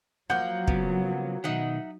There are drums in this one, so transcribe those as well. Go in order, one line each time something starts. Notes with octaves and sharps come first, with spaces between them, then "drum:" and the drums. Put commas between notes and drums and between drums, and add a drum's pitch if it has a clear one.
F3 F#3 A#3 F#5 G6
C#3 B3, drum: kick
B2 D#3 D#4 E5 F#5